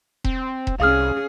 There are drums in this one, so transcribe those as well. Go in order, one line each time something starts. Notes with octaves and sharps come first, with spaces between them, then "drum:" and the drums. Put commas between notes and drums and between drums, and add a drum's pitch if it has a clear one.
C4, drum: kick E1
drum: kick E1
C2 C#4 G#4 F5 D#6 F6